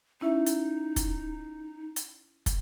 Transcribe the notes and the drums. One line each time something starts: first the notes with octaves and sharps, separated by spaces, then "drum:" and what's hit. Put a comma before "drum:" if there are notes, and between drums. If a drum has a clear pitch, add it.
C#4 D#4 E4 E5
drum: hi-hat
drum: kick, hi-hat
drum: hi-hat
drum: kick, hi-hat